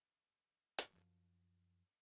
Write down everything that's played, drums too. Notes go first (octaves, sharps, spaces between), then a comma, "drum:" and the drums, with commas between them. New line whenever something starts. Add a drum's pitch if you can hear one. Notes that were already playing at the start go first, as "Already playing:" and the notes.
drum: hi-hat
F#2 F3